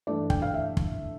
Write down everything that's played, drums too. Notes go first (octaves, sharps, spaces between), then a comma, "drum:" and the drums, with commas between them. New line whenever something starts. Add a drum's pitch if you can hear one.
G2 E3 A3 D4 D5
G5, drum: kick
F5
E5
drum: kick